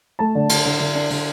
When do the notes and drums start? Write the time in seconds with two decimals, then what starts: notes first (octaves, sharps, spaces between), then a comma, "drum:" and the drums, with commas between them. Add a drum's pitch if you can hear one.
0.19 A3 A5
0.35 D3
0.49 D3, drum: cymbal
0.65 D3
0.80 D3
0.95 D4
1.10 D3, drum: open hi-hat